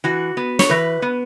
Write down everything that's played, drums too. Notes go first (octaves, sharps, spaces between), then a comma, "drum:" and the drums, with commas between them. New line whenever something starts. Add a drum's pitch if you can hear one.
E3 F#4
B3
C#5, drum: snare
E3 B4
B3